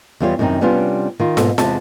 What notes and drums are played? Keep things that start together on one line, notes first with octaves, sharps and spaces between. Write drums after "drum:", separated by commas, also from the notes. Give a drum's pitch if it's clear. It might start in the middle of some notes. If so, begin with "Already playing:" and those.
E2 E3 G3 F4 C5 C#5
F#2 C3 D#3 C4 D#4
C3 G3 B3 C#4 D4 F4
D#3 F4
G#2 B2 A#3 B3 A4 C5, drum: snare
E2 C3 G#3 A5, drum: snare